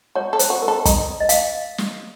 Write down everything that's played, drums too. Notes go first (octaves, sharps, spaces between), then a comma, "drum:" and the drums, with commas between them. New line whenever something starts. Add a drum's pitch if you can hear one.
F#4 C#5
A4
C5, drum: hi-hat
F#4
A#4
A4
D#4, drum: kick, hi-hat
D#5
F5, drum: hi-hat
drum: snare